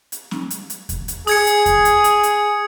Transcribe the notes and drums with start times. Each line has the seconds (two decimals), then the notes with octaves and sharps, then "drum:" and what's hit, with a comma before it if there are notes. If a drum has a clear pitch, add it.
0.12 drum: hi-hat
0.31 drum: snare
0.50 drum: hi-hat
0.70 drum: hi-hat
0.89 drum: kick E2, hi-hat
1.08 drum: hi-hat
1.27 G#4 D#6 G#6 C#7, drum: open hi-hat
1.47 drum: hi-hat
1.66 drum: kick E2, hi-hat
1.85 drum: hi-hat
2.04 drum: hi-hat
2.23 drum: hi-hat